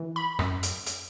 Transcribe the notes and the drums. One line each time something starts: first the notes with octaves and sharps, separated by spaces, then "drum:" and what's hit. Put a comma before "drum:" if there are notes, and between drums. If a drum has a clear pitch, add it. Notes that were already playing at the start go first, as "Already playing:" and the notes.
Already playing: E3
B5
F#2, drum: rim click
drum: hi-hat
drum: hi-hat